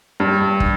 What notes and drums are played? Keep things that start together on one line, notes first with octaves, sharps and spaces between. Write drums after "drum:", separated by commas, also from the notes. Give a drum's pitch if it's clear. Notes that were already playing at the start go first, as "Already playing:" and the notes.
G2
drum: kick